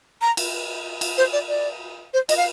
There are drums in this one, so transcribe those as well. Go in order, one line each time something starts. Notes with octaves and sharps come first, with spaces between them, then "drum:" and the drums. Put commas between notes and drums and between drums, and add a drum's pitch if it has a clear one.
A#5
drum: cymbal
drum: cymbal
C5
D5
D5
C5
D#5, drum: cymbal
F5